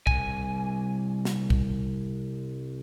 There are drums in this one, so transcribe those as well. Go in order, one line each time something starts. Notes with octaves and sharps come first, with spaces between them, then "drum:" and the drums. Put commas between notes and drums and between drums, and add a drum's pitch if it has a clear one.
C2 G#5, drum: kick C2
drum: snare
drum: kick C2